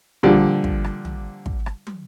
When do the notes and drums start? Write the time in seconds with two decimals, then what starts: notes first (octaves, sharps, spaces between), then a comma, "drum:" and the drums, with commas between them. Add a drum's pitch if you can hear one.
0.23 A#2 D3 F3 G3, drum: tom
0.64 drum: kick
0.84 drum: rim click
1.05 drum: tom
1.46 drum: kick
1.66 drum: rim click
1.87 drum: tom